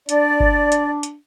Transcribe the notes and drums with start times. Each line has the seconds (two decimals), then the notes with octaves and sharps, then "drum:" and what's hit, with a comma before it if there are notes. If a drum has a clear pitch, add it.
0.09 D4 D5, drum: hi-hat
0.40 drum: kick G1
0.72 drum: hi-hat
1.03 drum: hi-hat